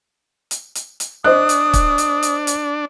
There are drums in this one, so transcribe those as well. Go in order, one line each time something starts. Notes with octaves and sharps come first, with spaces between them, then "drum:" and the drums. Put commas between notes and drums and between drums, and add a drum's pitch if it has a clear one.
drum: hi-hat
drum: hi-hat
drum: hi-hat
D4 C5 D#5 D#6 F#6
drum: hi-hat
drum: kick, hi-hat
drum: hi-hat
drum: hi-hat
drum: hi-hat